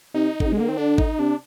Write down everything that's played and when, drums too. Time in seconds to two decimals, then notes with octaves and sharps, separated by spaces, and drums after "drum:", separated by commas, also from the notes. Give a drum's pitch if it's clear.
0.14 C3 D#4
0.40 D3, drum: kick G#1
0.46 C3
0.52 G#3
0.56 D3
0.60 A#3
0.67 D#3 C4
0.77 D3 D4
0.98 D#4, drum: kick G#1
1.19 C3 D4